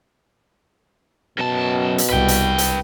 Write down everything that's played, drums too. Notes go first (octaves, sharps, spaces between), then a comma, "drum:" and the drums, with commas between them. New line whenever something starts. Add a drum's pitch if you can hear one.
F#2 B2 A5
drum: hi-hat
C2 B4 G5
drum: hi-hat
drum: hi-hat